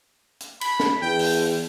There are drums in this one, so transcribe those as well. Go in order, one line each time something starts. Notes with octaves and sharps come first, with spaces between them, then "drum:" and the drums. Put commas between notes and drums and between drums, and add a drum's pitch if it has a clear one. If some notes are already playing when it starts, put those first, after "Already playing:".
drum: hi-hat
B5, drum: cymbal
drum: snare
E2 G5
drum: open hi-hat